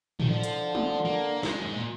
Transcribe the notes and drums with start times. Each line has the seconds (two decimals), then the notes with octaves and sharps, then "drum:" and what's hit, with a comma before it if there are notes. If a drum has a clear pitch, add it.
0.20 D#3, drum: tom A2
0.28 D3 F3
0.43 drum: hi-hat
0.75 drum: tom G#3
1.05 A#3
1.43 G#3, drum: snare
1.59 F#2
1.66 G#2
1.74 A#2